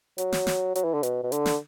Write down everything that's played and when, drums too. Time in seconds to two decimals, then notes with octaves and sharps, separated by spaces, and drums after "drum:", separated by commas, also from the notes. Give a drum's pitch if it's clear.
0.18 F#3, drum: hi-hat
0.32 drum: snare
0.47 drum: snare
0.75 F#3, drum: hi-hat
0.84 E3
0.94 D3
1.03 B2, drum: hi-hat
1.23 B2
1.32 D3, drum: hi-hat
1.46 drum: snare